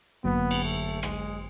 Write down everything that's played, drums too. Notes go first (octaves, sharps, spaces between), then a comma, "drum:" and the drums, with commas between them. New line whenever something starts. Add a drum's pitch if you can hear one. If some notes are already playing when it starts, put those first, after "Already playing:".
G#1 F#2 D3 F#3 A#3 B3
drum: cymbal
A3
G#3, drum: rim click